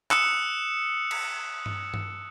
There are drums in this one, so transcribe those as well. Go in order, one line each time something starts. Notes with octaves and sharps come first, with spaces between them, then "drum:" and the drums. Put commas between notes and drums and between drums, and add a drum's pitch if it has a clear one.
D#6 E6 F#6 C#7 E7, drum: clap
drum: cymbal
drum: tom G2
drum: tom G2